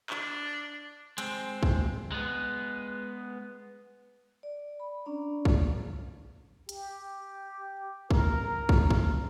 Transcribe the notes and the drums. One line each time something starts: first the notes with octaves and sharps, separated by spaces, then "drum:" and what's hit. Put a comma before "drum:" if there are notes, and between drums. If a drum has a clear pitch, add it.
D4, drum: clap
G#3 C4, drum: hi-hat
drum: kick
G#3 B3
D5
B5
C#4 D4 D5 A#5
drum: kick
G4, drum: hi-hat
A#4, drum: kick
drum: kick
drum: kick